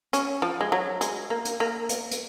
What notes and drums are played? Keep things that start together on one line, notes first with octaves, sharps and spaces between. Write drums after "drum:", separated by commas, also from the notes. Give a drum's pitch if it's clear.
C#4, drum: hi-hat
F3
G#3
F#3
G#3, drum: hi-hat
A#3
drum: hi-hat
A#3
drum: hi-hat
drum: hi-hat